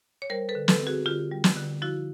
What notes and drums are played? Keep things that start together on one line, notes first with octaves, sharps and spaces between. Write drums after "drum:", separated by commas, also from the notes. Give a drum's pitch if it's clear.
C#5
G3 A#4 C5
A4 B4
D3
A4 B4, drum: snare
C4
F#4 G#4
D3 F4 G4
G3
drum: snare
D3
F3 E4 F#4